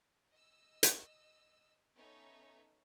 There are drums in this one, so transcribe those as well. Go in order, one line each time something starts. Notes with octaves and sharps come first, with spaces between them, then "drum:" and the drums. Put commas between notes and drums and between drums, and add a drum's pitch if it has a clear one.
D#5 E6
drum: hi-hat
B3 C#4 D#4 A4 C#5 E5